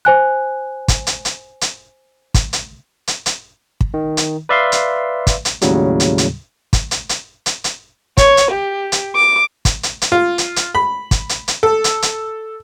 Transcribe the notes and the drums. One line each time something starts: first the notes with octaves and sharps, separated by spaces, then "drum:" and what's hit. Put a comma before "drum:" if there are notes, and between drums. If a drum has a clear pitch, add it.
C5 G#5 F#6
drum: kick, hi-hat
drum: hi-hat
drum: hi-hat
drum: hi-hat
drum: kick, hi-hat
drum: hi-hat
drum: hi-hat
drum: hi-hat
drum: kick
D#3
drum: hi-hat
B4 D5 E5 F5 C6
drum: hi-hat
drum: kick, hi-hat
drum: hi-hat
D#2 A2 C#3 F#3 G3, drum: hi-hat
drum: hi-hat
drum: hi-hat
drum: kick, hi-hat
drum: hi-hat
drum: hi-hat
drum: hi-hat
drum: hi-hat
C#5, drum: kick, hi-hat
drum: hi-hat
G4
drum: hi-hat
D6
drum: kick, hi-hat
drum: hi-hat
drum: hi-hat
F4
drum: hi-hat
drum: hi-hat
B5
drum: kick, hi-hat
drum: hi-hat
drum: hi-hat
A4
drum: hi-hat
drum: hi-hat